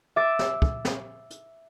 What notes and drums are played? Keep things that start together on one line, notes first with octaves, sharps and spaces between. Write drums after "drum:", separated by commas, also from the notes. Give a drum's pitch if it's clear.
E5 D6 A6 D7
drum: snare
drum: kick
drum: snare
drum: hi-hat